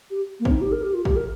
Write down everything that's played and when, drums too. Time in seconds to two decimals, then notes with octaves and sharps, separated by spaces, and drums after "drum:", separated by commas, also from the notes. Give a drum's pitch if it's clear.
0.11 G4
0.40 A#3
0.45 C4, drum: kick
0.51 D#4
0.61 G4
0.72 A#4
0.83 G4
0.94 F4
1.05 G4, drum: kick
1.16 A#4